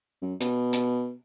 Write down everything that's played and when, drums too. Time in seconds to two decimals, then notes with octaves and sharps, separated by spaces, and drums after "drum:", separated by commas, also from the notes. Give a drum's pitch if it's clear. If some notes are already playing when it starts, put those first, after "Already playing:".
0.22 F#2
0.41 B2, drum: hi-hat
0.73 drum: hi-hat